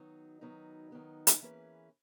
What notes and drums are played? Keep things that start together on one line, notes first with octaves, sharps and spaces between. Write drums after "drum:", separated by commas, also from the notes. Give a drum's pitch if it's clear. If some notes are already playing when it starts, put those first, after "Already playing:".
Already playing: D#3 F#3 B3 D#4
D#3 F#3 B3 D#4
D#3 F#3 B3 D#4
drum: hi-hat
E3 A#3 C#4 G#4 B4